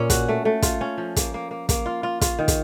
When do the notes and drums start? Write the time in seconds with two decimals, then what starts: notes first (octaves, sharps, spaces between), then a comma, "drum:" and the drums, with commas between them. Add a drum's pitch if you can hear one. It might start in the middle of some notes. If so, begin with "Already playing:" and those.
Already playing: A#2 C#4
0.10 F#4, drum: kick, hi-hat
0.28 A3
0.45 A3
0.62 F4, drum: kick, hi-hat
0.81 C#4
0.98 F3
1.16 A#3, drum: kick, hi-hat
1.34 A#3
1.51 A#3
1.69 A#3, drum: kick, hi-hat
1.86 F4
2.03 F4
2.21 F4, drum: kick, hi-hat
2.39 D#3
2.48 drum: kick, hi-hat